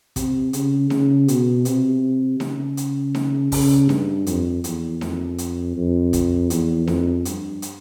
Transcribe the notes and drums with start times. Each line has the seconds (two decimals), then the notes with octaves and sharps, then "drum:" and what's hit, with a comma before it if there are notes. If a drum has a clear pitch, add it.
0.16 C3, drum: kick, hi-hat
0.53 C#3, drum: hi-hat
0.90 C#3, drum: snare D#4
1.28 B2, drum: hi-hat
1.65 C3, drum: hi-hat
2.40 C#3, drum: snare D#4
2.77 drum: hi-hat
3.15 drum: snare D#4
3.52 C#3, drum: kick, open hi-hat
3.89 G2, drum: snare D#4
4.27 F2, drum: hi-hat
4.64 E2, drum: hi-hat
5.01 F2, drum: snare D#4
5.38 drum: hi-hat
5.75 F2
6.13 drum: kick, hi-hat
6.50 E2, drum: hi-hat
6.87 F2, drum: snare D#4
7.25 G2, drum: hi-hat
7.62 drum: hi-hat